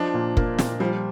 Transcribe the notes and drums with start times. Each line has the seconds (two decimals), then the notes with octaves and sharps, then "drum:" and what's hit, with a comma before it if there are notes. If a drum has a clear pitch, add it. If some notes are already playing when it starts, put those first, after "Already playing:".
Already playing: F3 D4 D#5
0.14 A#2
0.37 A#3, drum: kick
0.59 A#2, drum: snare
0.80 F3 G3